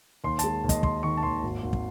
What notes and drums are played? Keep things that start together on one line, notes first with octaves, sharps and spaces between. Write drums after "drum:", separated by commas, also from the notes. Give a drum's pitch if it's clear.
D#2 C6
G#3 A5, drum: hi-hat
D#2
D#5, drum: kick, hi-hat
D#2 C6, drum: kick
D#3 C#6
A5
D#2 C6
G#1
G#1
drum: kick